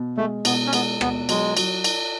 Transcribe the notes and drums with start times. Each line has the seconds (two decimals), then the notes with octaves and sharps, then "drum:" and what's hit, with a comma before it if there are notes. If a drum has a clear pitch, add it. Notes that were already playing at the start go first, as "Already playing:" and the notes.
Already playing: B2
0.17 G#3 A3
0.45 B2 B3, drum: cymbal
0.67 C#4
0.73 G#3 B3, drum: cymbal
1.01 B2 B3, drum: rim click
1.29 F#3 G#3, drum: cymbal
1.57 F#3, drum: cymbal
1.84 drum: cymbal